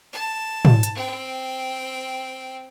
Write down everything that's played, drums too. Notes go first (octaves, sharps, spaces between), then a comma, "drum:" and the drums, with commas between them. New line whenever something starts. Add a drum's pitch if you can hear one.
A5
drum: tom
drum: hi-hat
C4 G5